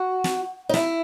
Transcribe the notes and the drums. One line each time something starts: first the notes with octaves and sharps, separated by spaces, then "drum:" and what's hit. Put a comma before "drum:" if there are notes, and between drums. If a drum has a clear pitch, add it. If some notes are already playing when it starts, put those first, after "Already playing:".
Already playing: F#4
drum: snare
D#4
E4, drum: snare